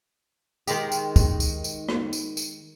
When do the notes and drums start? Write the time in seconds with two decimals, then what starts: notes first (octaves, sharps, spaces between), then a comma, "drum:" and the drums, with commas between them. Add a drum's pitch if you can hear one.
0.67 D#3 G#3 G4, drum: tambourine
0.92 drum: tambourine
1.16 drum: kick, tambourine
1.40 drum: tambourine
1.64 drum: tambourine
1.89 drum: rim click
2.13 drum: tambourine
2.37 drum: tambourine